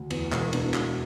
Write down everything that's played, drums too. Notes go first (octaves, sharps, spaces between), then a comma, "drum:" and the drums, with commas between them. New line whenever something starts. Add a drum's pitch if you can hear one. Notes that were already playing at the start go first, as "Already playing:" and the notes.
Already playing: D2
E2, drum: cymbal
E1, drum: clap
B2 D4, drum: cymbal
E4
E1 F#4, drum: clap